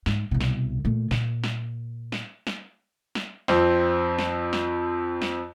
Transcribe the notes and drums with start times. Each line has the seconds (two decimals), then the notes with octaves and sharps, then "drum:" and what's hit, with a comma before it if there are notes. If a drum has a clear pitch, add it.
0.06 G#2, drum: snare
0.31 C2 B2
0.40 drum: snare
0.85 A#2 A3
1.11 A#2, drum: snare
1.44 drum: snare
2.12 drum: snare
2.47 drum: snare
3.15 drum: snare
3.48 F2 C4, drum: snare
4.18 drum: snare
4.53 drum: snare
5.22 drum: snare